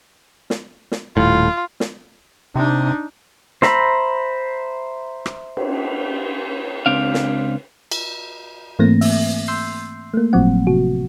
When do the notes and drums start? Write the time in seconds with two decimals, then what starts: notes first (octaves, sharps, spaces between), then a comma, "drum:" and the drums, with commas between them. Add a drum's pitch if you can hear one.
0.50 drum: snare
0.92 drum: snare
1.17 D#1 A2 F4
1.80 drum: snare
2.56 C3 D4 D#4
3.62 C5 E5 A#5 B5, drum: snare
5.26 drum: rim click
5.57 drum: cymbal
6.86 C#2 C4 D4 F5
7.14 drum: snare
7.92 drum: cymbal
8.79 G#2 E3 A3 A#3 C4 A#6
9.01 E5, drum: open hi-hat
9.48 C6 E6 G6 C7
10.14 A3 A#3
10.33 G1 A2 F3 F#3 C4 F#5
10.67 C3 F#4